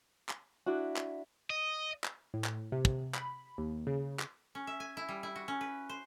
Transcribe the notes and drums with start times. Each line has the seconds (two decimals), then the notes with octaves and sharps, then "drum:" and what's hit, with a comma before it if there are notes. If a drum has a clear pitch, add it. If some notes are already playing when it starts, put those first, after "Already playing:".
0.29 drum: clap
0.66 D4 E4 F#4
0.96 drum: clap
1.50 D#5
2.04 drum: clap
2.34 A2
2.44 drum: clap
2.72 C3
2.85 drum: kick
3.14 B5, drum: clap
3.58 D#2
3.87 C#3
4.20 drum: clap
4.55 C#4
4.67 E5
4.80 G#5
4.97 E4
5.09 G3
5.23 E4
5.36 F#4
5.48 C#4
5.61 B4
5.89 C5